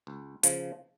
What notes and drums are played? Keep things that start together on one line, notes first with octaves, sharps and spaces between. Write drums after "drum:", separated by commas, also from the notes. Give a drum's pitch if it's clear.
C#2
C#3 F3, drum: hi-hat